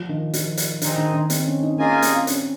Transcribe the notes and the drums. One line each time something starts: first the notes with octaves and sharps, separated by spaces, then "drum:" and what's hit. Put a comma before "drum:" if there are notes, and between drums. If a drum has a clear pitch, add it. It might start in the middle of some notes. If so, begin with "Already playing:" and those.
Already playing: F3
D#3
F3, drum: hi-hat
drum: hi-hat
D#3 C4 D#4 G#4 D#5, drum: hi-hat
D#3
D#3
C4, drum: hi-hat
C#4
D#4
A#3 C#4 F4 G#4 D#5 G#5
C4, drum: hi-hat
C#4, drum: hi-hat